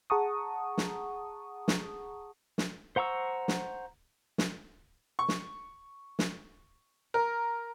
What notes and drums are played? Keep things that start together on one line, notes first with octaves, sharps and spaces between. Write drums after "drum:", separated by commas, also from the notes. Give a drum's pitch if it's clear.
G#4 F#5 A5 A#5 C#6 D#6
drum: snare
drum: snare
drum: snare
C5 F#5 A#5 C#6 E6
drum: snare
drum: snare
C#6
drum: snare
drum: snare
A#4